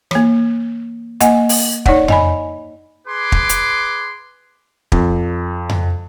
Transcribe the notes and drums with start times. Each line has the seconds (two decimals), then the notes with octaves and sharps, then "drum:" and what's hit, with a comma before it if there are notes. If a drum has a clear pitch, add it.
0.11 E3 A#3, drum: rim click
1.20 A#3 D#5 F#5 G#5, drum: hi-hat
1.49 drum: open hi-hat
1.86 D#4 C#5 D5 F#5, drum: kick
2.08 D#5 G#5 B5, drum: tom F2
3.08 G#4 B4 C6 D6
3.32 drum: kick
3.49 drum: hi-hat
4.92 F2, drum: kick
5.69 drum: tom F2